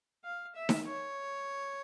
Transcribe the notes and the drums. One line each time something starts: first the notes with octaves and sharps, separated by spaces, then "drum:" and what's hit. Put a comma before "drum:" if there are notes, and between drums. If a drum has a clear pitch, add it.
F5
E5
drum: snare D#4
C#5